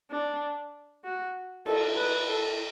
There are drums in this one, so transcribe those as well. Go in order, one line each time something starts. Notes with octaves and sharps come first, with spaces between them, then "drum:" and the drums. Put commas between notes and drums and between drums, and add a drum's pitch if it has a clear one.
D4
F#4
A4, drum: cymbal
B4
A4